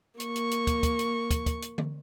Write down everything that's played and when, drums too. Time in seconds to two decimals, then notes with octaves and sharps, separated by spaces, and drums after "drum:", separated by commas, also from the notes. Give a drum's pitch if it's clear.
0.20 A#3 C#6, drum: hi-hat
0.36 drum: hi-hat
0.51 drum: hi-hat
0.67 drum: kick, hi-hat
0.83 drum: kick, hi-hat
0.99 drum: hi-hat
1.31 drum: kick, hi-hat
1.46 drum: kick, hi-hat
1.62 drum: hi-hat
1.78 drum: tom D3